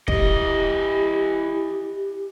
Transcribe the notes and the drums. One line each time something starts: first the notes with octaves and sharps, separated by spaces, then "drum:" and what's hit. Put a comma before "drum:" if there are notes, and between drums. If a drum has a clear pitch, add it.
E3 G4 D#5, drum: kick